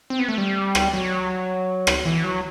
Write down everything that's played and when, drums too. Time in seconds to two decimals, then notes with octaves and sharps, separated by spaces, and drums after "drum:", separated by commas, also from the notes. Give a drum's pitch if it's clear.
0.10 C4
0.19 B3
0.28 A3
0.38 G3
0.75 drum: rim click
0.94 F#3
1.87 drum: rim click
2.05 E3
2.24 F#3